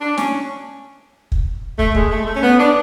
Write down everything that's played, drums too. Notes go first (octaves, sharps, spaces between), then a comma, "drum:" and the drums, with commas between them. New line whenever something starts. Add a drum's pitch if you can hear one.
D4
C#4, drum: snare
drum: kick
A3, drum: kick
G#3, drum: kick
A3
A3
C#4
B3
D4